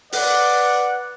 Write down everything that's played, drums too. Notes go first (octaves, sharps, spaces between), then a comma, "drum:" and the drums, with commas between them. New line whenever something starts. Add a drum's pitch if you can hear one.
B4 D5 F#5, drum: open hi-hat